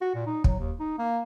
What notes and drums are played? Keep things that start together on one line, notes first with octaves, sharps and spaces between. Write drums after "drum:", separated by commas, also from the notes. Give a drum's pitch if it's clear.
F#4
A#2
D#4
F#3, drum: kick
D#2
D#4
A#3